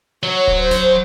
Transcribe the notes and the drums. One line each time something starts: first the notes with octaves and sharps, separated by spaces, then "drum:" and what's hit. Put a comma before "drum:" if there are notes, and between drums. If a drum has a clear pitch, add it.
F#3 C#5
drum: kick D1
C5
drum: snare D1